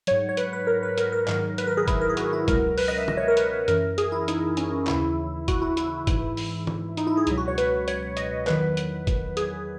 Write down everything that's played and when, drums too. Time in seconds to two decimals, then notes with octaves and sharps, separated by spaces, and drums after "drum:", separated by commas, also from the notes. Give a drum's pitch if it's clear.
0.07 G#2 F#3 C#5, drum: hi-hat
0.29 C#5
0.37 B4, drum: hi-hat
0.53 B4
0.67 A#4
0.83 B4
0.98 A#4, drum: hi-hat
1.12 A#4
1.28 G#2 D#3 F#3 A#4, drum: clap
1.58 B4, drum: hi-hat
1.67 A#4
1.77 G#4
1.88 E4, drum: kick, hi-hat
2.01 A#4
2.10 G#4
2.17 F#4, drum: hi-hat
2.33 E4
2.48 C#2 B2 F#3 A#4, drum: kick, hi-hat
2.78 B4, drum: open hi-hat
2.88 D#5
2.98 E5
3.08 D#5, drum: tom D3
3.17 C#5
3.28 A#4
3.37 B4, drum: hi-hat
3.68 F#2 E3 A#4, drum: hi-hat
3.98 G#4, drum: hi-hat
4.12 E4
4.28 D#4, drum: hi-hat
4.57 C#4, drum: hi-hat
4.87 D#2 C#3 E3 E4, drum: clap
5.48 F#4, drum: kick, hi-hat
5.62 E4
5.77 E4, drum: hi-hat
6.07 G#2 E3, drum: kick, hi-hat
6.37 drum: open hi-hat
6.67 drum: tom D3
6.97 D#4, drum: hi-hat
7.07 E4
7.17 G#4
7.27 C#2 B2 F#3, drum: hi-hat
7.38 F#4
7.48 C#5
7.58 B4, drum: hi-hat
7.88 C#5, drum: hi-hat
8.17 D#5, drum: hi-hat
8.47 E2 D#3 F#3 B4, drum: clap
8.77 drum: hi-hat
9.07 drum: kick, hi-hat
9.37 G#4, drum: hi-hat